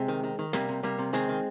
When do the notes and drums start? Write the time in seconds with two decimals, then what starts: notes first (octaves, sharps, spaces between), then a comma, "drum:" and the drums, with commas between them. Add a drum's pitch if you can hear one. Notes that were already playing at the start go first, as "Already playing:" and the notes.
Already playing: C3 G#3 C4
0.08 D#3
0.24 D#3
0.39 D#3
0.53 C3 G3 A#3, drum: snare
0.69 C3
0.83 C3 G3 A#3
0.99 C3
1.13 D#3 G#3 C4, drum: hi-hat
1.29 D#3